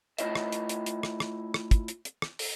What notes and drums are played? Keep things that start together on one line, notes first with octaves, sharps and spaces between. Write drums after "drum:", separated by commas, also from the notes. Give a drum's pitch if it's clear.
A3 E4 F4 C#5 D#5 E5, drum: hi-hat
drum: rim click
drum: hi-hat
drum: hi-hat
drum: hi-hat
drum: rim click
drum: rim click
drum: rim click
drum: kick, hi-hat
drum: hi-hat
drum: hi-hat
drum: rim click
drum: open hi-hat